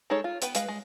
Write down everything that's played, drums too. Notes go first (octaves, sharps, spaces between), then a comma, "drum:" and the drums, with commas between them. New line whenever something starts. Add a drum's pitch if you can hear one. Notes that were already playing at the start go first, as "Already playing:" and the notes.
G#3 D#4 G#4 A4 C#5
F4
B3 B4 G5, drum: hi-hat
G#3 B4 F5, drum: hi-hat
G#3